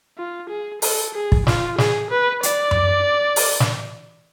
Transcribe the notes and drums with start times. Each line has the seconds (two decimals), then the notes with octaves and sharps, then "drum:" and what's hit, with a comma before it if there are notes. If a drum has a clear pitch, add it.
0.18 F4
0.50 G#4
0.82 A4, drum: open hi-hat
1.14 G#4
1.32 drum: kick
1.47 F4, drum: snare
1.78 G#4, drum: snare
2.11 B4
2.43 D5, drum: hi-hat
2.71 drum: tom F#2
3.36 drum: open hi-hat
3.60 drum: snare